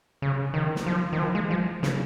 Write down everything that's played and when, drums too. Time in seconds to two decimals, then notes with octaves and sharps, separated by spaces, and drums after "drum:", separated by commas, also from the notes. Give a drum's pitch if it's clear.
0.22 C#3
0.54 D#3
0.76 drum: snare
0.86 F3
1.13 D#3
1.19 F3
1.35 G#3
1.50 F3
1.83 C#3, drum: snare